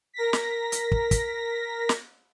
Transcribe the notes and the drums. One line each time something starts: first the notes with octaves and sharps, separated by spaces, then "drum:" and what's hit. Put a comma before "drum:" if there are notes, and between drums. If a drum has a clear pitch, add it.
A#4 A#6 B6
drum: snare
drum: hi-hat
drum: kick
drum: kick, hi-hat
drum: snare